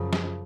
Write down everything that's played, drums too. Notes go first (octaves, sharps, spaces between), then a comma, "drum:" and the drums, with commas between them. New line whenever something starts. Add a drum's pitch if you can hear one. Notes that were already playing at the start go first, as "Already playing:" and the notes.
Already playing: F#2 C#3 F3
drum: snare